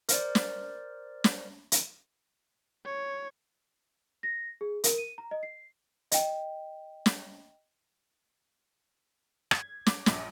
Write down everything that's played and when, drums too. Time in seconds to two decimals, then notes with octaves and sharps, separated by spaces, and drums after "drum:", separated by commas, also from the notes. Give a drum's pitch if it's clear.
0.09 A#4 C5 D5, drum: hi-hat
0.35 drum: snare
1.24 drum: snare
1.72 drum: hi-hat
2.86 C#5
4.23 A#6
4.61 G#4
4.84 A#4, drum: hi-hat
4.98 D#7
5.18 A#5
5.31 D#5
5.43 C7
6.12 D#5 G5, drum: hi-hat
7.06 drum: snare
9.51 G#6, drum: rim click
9.86 D6, drum: snare
10.06 A#1, drum: snare